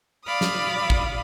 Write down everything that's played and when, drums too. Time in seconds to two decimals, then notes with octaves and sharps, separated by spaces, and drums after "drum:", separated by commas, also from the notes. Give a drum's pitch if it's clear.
0.25 D5 F5 B5 D#6
0.41 drum: snare
0.90 drum: kick